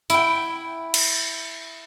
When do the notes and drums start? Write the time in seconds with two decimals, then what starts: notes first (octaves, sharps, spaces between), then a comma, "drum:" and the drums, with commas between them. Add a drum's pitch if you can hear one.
0.10 E4 G5, drum: tambourine
0.94 drum: cymbal